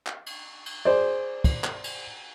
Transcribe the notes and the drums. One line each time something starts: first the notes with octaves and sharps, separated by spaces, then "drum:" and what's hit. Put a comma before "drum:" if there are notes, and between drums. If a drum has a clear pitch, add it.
drum: clap
drum: cymbal
drum: cymbal
G#4 C5 D5
drum: kick, cymbal
drum: clap
drum: cymbal